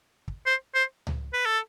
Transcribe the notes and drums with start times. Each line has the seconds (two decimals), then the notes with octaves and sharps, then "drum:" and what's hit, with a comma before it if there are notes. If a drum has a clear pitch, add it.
0.28 drum: kick
0.46 C5
0.75 C5
1.07 drum: tom C#2
1.33 B4
1.46 A4